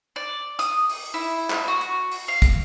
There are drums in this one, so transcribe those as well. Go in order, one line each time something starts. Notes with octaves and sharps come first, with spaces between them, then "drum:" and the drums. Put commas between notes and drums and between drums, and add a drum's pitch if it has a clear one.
D5
D#6, drum: hi-hat
drum: open hi-hat
E4
drum: clap
F#4
drum: hi-hat
drum: open hi-hat
F5
drum: kick, hi-hat